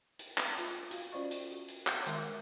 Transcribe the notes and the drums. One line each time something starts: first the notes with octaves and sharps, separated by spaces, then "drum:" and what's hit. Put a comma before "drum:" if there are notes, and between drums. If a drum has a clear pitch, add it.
drum: hi-hat
drum: clap
F4, drum: hi-hat
F#4 F5, drum: hi-hat
C#4 F4 C5 D5 D#5 C#6
drum: hi-hat
F#4
drum: hi-hat
drum: clap
D#3 G#3 A#4 E5, drum: hi-hat